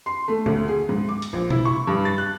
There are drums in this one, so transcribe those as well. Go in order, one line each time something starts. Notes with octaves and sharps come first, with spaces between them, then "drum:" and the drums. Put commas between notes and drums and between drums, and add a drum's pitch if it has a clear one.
C6
A3
D2, drum: tom
G#4
G#2
D6
drum: hi-hat
A#1
E4, drum: tom B2
C#6
G2
A6
F#6